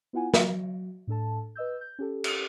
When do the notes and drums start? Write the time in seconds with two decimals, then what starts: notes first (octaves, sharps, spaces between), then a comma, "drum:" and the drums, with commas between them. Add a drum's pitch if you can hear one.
0.13 B3 E4 F4 F#5 G#5
0.34 F#3 F#4, drum: snare
1.07 A2 D4 A4 A5
1.55 B4 D#5 E6 G6
1.81 G6
1.99 C#4 G4 A4
2.24 drum: cymbal